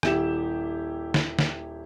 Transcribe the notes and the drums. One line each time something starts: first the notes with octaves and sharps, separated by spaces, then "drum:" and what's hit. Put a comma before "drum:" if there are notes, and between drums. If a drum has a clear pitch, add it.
D#1 E4 G4 E7, drum: rim click
drum: snare
drum: snare